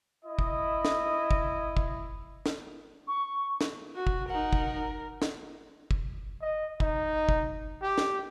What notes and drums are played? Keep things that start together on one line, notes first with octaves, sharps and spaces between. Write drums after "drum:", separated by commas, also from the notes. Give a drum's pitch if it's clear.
E4 D#5
drum: kick
drum: snare
drum: kick
drum: kick
drum: snare
C#6
drum: snare
F#4
drum: kick
D#4 A#4 F#5
drum: kick
drum: snare
drum: kick
D#5
D#4, drum: kick
drum: kick
G4
drum: snare